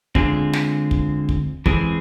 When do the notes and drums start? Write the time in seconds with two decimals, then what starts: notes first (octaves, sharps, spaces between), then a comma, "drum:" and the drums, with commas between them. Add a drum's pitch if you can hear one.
0.15 D3 G#3 C4 F4 G#4, drum: kick
0.53 drum: snare
0.91 drum: kick
1.29 drum: kick
1.66 E3 G#3 C4 G#4, drum: kick